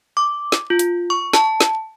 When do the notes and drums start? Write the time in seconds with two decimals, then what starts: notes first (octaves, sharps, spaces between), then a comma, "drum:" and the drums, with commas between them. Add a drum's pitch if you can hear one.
0.17 D6
0.52 drum: snare
0.70 F4
0.79 drum: hi-hat
1.10 C#6
1.33 A5, drum: snare
1.61 drum: snare